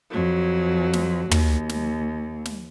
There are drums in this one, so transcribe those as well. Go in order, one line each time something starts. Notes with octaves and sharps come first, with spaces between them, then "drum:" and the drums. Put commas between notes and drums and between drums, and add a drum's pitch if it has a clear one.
F2 F#3
drum: snare
D#2, drum: tom
drum: snare
drum: snare